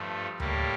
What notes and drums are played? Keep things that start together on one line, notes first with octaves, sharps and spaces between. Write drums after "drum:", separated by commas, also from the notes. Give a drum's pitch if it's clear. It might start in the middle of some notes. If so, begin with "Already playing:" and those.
Already playing: G2 F3 A3
A2 G3 A#3 G4, drum: tom D2